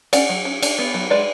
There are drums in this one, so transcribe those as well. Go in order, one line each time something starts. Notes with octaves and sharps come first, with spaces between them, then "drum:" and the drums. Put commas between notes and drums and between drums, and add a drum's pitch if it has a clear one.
C#4 D5 F#5, drum: cymbal
F#3
C#4
D4, drum: cymbal
B3
F#3
G#3 B4 D5